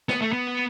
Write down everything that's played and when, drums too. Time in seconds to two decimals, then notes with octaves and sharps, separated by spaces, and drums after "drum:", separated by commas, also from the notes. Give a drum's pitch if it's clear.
0.09 B3, drum: snare
0.22 A3
0.33 B3